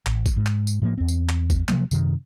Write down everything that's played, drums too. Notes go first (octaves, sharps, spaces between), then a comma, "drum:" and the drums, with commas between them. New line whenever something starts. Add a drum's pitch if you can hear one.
A1, drum: clap
drum: kick G#1, tambourine
G#2
drum: clap
drum: tambourine
A2 F3 G#3 A#3
E2 C4
drum: tambourine
drum: clap
drum: kick G#1, tambourine
C3 F3 F#3 A#3, drum: clap
F#2 C3 D#3, drum: tambourine